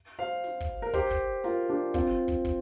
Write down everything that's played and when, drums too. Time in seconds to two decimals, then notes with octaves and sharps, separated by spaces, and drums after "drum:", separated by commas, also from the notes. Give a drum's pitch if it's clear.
0.19 C5 F5
0.44 drum: snare
0.60 drum: kick
0.82 A#4
0.94 G4 C5, drum: kick
1.11 drum: kick
1.44 F4 A#4, drum: snare
1.69 D4 G4
1.94 C4 F4, drum: kick
2.28 drum: kick
2.45 drum: kick